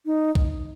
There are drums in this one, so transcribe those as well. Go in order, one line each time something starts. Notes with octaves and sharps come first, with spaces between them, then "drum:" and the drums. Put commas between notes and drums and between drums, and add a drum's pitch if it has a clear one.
D#4
drum: kick